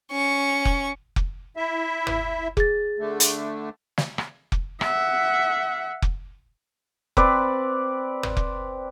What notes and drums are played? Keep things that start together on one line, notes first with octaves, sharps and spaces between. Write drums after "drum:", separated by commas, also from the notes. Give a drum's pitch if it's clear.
C#4 C#6
drum: kick F1
drum: kick F1
E4 E5
drum: tom
G#4 A6, drum: kick F1
D3 A3
drum: hi-hat
drum: snare
drum: rim click
drum: kick F1
E5 F#5, drum: rim click
drum: kick F1
C4 B4 D5, drum: kick F1
drum: tom
drum: kick F1